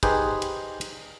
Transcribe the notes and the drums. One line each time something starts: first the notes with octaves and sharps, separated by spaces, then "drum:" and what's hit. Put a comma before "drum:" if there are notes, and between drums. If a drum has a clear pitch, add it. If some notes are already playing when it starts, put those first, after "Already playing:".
D#4 G4 G#4 B4 C5, drum: kick, cymbal
drum: cymbal
drum: cymbal